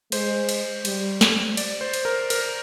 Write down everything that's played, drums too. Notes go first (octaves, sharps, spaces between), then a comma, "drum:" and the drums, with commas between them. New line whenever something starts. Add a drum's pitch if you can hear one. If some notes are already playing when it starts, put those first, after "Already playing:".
G#3 C5, drum: cymbal
drum: cymbal
G3, drum: cymbal
drum: snare
D5, drum: cymbal
C5
drum: cymbal
A#4
A#4, drum: cymbal